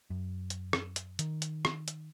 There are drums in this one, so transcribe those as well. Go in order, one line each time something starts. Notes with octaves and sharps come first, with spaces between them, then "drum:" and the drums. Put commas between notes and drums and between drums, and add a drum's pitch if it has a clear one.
F#2
drum: hi-hat
drum: rim click
drum: hi-hat
D#3, drum: hi-hat
drum: hi-hat
drum: rim click
drum: hi-hat